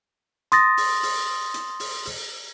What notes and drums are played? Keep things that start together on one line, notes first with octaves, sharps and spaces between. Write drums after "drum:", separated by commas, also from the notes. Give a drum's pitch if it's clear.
C6 D#6 A6 A#6, drum: hi-hat
drum: open hi-hat
drum: open hi-hat
drum: hi-hat
drum: open hi-hat
drum: open hi-hat